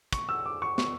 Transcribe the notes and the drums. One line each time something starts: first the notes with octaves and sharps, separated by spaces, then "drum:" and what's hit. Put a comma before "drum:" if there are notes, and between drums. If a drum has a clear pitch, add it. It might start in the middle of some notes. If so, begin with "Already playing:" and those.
C#6, drum: kick, hi-hat
E6
D6
C#6
C#6, drum: snare